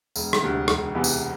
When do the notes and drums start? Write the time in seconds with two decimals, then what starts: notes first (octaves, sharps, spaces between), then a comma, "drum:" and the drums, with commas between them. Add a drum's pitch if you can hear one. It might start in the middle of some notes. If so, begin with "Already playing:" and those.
0.16 E1, drum: tambourine
0.33 drum: rim click
0.43 D2 C3
0.68 E1, drum: rim click
0.95 E2 C3 E3 B3
1.04 drum: tambourine